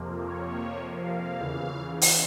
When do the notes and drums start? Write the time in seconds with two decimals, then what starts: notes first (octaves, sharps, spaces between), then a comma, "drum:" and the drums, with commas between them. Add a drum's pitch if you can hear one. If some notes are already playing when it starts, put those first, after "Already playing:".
Already playing: F2 C3 F3 A#3
0.28 C#5
1.03 F5
1.39 E2 C#3 E3
2.02 drum: open hi-hat